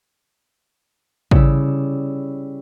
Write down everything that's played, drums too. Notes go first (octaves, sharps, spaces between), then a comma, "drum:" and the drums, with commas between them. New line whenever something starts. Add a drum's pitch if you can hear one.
C#3 G3 E4, drum: kick